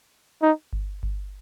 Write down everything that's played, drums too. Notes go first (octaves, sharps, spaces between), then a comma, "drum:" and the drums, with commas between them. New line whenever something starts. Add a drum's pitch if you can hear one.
D#4
drum: kick G1
drum: kick G1